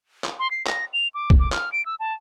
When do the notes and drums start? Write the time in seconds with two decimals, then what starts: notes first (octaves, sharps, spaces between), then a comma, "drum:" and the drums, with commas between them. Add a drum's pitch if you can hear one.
0.24 drum: clap
0.39 C6
0.51 C7
0.67 A#6, drum: clap
0.93 F7
1.14 D6
1.30 drum: kick B1
1.40 D6
1.52 F6, drum: clap
1.72 D7
1.86 E6
2.00 A5